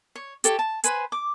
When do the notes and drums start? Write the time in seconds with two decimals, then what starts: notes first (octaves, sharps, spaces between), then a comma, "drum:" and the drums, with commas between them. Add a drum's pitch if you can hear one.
0.15 C#5
0.44 G4 A4 C#5, drum: hi-hat
0.59 A5
0.84 B4 C5 G#5 B5, drum: hi-hat
1.12 D6